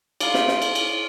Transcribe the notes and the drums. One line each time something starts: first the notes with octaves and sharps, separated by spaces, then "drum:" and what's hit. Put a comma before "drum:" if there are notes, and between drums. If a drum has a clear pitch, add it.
D5 F5 C6, drum: cymbal
drum: snare
drum: snare
drum: cymbal
drum: cymbal